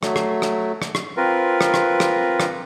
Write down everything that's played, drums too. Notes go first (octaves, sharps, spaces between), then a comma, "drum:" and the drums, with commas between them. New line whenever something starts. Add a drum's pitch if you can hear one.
F#3 A3, drum: rim click
drum: rim click
drum: rim click
drum: rim click
drum: rim click
C4 F4 A#4 B4
drum: rim click
drum: rim click
drum: rim click
drum: rim click